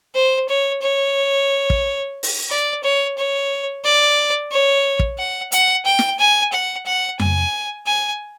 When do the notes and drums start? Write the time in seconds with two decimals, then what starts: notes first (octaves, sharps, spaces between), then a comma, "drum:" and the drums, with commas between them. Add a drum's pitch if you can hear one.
0.15 C5
0.49 C#5
0.82 C#5
1.70 drum: kick
2.23 drum: open hi-hat
2.50 D5
2.83 C#5
3.18 C#5
3.84 D5
4.51 C#5
4.99 drum: kick
5.18 F#5
5.52 F#5, drum: hi-hat
5.85 G5
5.99 drum: snare
6.19 G#5
6.53 F#5
6.86 F#5
7.20 G#5, drum: tom F2
7.86 G#5